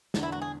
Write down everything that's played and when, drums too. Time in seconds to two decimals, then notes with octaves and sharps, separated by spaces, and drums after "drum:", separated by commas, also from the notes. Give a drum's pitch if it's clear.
0.14 E1 E2 D3, drum: snare
0.23 E4
0.32 F#4
0.42 G#4